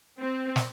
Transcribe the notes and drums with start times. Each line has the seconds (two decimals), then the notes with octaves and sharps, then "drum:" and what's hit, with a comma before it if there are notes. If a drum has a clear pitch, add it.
0.20 C4
0.56 drum: snare